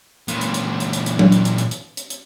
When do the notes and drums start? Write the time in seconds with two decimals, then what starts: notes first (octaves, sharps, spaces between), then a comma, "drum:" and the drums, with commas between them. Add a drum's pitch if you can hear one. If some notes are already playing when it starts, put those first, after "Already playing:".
0.28 A#2 E3, drum: hi-hat
0.41 drum: hi-hat
0.54 drum: hi-hat
0.80 drum: hi-hat
0.93 drum: hi-hat
1.06 drum: hi-hat
1.19 drum: tom F#3
1.32 drum: hi-hat
1.45 drum: hi-hat
1.58 drum: hi-hat
1.71 drum: hi-hat
1.97 drum: hi-hat
2.10 drum: hi-hat